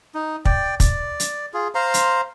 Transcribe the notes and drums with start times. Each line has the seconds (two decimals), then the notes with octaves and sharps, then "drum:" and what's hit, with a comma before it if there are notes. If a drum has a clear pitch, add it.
0.15 D#4
0.45 D5 G5, drum: kick
0.80 D5, drum: kick, hi-hat
1.20 drum: hi-hat
1.54 F4 G#4
1.75 C5 F5 A#5 C6
1.94 drum: hi-hat